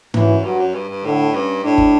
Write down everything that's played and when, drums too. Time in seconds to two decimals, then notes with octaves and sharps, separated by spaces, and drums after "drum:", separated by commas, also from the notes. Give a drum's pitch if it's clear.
0.14 F#2 E3, drum: tom G#2
0.44 G2 F#3
0.59 F#2
0.74 G2
0.88 G2
1.04 A2 D3
1.34 G2 C#4
1.64 A2 D4
1.78 drum: kick